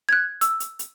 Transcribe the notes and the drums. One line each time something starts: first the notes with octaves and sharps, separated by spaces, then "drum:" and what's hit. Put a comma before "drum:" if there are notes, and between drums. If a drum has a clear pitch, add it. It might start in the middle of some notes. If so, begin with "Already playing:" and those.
G#6
F#6
E6, drum: hi-hat
drum: hi-hat
drum: hi-hat